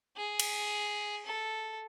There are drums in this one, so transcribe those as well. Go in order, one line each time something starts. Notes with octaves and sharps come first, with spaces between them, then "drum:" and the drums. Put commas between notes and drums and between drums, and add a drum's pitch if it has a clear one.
G#4
drum: cymbal
A4